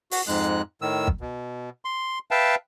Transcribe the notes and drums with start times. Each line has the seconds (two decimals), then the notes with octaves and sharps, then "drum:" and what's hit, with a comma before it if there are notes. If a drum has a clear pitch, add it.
0.11 F#4, drum: open hi-hat
0.27 F2 G#2 G#3 F#6
0.82 A2 D#3 E6
1.07 drum: kick
1.21 B2
1.85 C6
2.31 B4 E5 F5 G5 A5